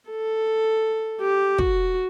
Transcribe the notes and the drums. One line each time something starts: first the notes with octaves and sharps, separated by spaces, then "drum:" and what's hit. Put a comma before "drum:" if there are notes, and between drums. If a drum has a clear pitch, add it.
A4
G4
F#4, drum: kick